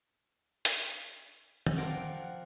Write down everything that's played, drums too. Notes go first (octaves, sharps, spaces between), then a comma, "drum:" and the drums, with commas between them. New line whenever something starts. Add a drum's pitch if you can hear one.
drum: hi-hat
drum: tom
F3 C4 A#4 D5 F#5